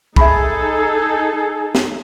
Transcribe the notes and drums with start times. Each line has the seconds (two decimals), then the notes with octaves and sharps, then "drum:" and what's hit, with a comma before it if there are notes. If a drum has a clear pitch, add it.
0.16 D#4 G#4 A4 E5 B5, drum: kick
1.75 drum: snare